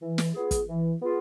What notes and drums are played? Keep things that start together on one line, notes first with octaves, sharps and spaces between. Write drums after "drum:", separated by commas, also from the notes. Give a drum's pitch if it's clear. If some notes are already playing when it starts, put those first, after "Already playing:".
E3
drum: snare
B3 F4 G#4
drum: kick, hi-hat
E3
B3 F4 G#4